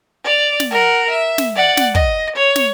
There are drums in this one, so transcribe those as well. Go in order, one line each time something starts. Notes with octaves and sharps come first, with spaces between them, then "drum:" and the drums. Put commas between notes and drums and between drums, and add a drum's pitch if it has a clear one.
D5 F7
drum: snare
A#4 F#5
E5
drum: snare
D5 F#5
drum: snare
D#5, drum: kick
C#5
drum: snare